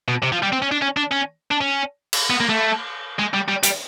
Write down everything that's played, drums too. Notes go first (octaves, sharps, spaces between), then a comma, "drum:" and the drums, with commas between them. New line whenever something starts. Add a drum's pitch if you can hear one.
B2
C3
F3
G3
C4
C#4
D4
C#4
D4
C#4
D4
C#4
drum: cymbal
B3
A#3
A3
G#3
G3
G3
G3, drum: hi-hat